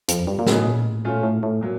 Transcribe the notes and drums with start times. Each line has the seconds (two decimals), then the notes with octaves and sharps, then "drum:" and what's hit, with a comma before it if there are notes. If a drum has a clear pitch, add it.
0.08 F2, drum: hi-hat
0.27 G2
0.39 A#2
0.46 A2 C#3 F#3 B3 D#4, drum: snare
0.66 A#2
0.85 A2
1.04 A#2 A3 C#4 F4
1.23 A2
1.43 A2
1.61 A#2 F#3